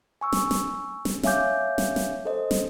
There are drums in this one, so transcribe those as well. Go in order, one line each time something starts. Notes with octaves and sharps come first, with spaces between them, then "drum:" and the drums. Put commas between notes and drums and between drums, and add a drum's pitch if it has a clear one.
G#5 C#6 E6
drum: snare
drum: snare
drum: snare
C#5 E5 F5 G#5 D6 G6, drum: snare
drum: snare
drum: snare
A4 C5 D#5
drum: snare